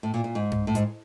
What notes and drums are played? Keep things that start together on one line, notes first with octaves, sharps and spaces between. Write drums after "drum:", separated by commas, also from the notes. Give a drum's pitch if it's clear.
A2
A#2
A#2
G#2
drum: tom G2
A2
G#2, drum: hi-hat